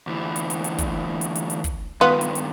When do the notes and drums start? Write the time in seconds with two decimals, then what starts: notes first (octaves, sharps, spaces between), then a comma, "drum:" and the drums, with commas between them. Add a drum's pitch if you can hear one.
0.07 D2 E3
0.36 drum: hi-hat
0.50 drum: hi-hat
0.64 drum: hi-hat
0.78 drum: kick, hi-hat
1.21 drum: hi-hat
1.35 drum: hi-hat
1.50 drum: hi-hat
1.64 drum: kick, hi-hat
2.01 G2 D#3 B3 F4 B4 D#6
2.21 drum: hi-hat
2.35 drum: hi-hat